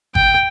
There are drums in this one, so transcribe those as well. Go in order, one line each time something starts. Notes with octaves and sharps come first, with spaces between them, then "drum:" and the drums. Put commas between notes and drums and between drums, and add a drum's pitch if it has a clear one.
G5, drum: kick G#1